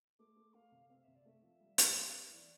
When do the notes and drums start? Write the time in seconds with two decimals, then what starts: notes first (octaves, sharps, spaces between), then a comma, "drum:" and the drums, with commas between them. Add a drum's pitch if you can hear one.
0.19 A3 D6
0.36 A3
0.54 A3 F5
0.72 C3
0.90 C4 F5
1.03 C3 E5
1.16 D5
1.25 A3 E5
1.43 F3
1.60 G3
1.78 G3, drum: hi-hat
1.96 C4
2.13 C4
2.31 E3 D5